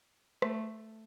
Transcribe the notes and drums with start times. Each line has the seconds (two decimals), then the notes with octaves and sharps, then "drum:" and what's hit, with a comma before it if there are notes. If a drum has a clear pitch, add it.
0.42 A3, drum: rim click